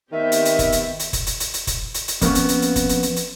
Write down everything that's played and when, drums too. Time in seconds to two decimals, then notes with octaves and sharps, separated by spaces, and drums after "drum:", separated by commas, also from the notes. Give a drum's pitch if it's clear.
0.13 D#3 B3 C4 G4 E5
0.32 drum: hi-hat
0.45 drum: hi-hat
0.59 drum: kick F1, hi-hat
0.72 drum: hi-hat
0.99 drum: hi-hat
1.13 drum: kick F1, hi-hat
1.27 drum: hi-hat
1.40 drum: hi-hat
1.54 drum: hi-hat
1.67 drum: kick F1, hi-hat
1.94 drum: hi-hat
2.08 drum: hi-hat
2.21 F2 A#3 B3 C#4, drum: kick F1, hi-hat
2.35 drum: hi-hat
2.49 drum: hi-hat
2.62 drum: hi-hat
2.76 drum: kick F1, hi-hat
2.89 drum: hi-hat
3.03 drum: hi-hat
3.16 drum: hi-hat